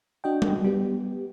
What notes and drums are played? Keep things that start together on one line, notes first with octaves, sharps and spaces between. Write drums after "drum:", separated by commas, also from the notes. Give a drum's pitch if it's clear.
D4 F#4 D#5 G5
drum: tom G3
G3 B3 G4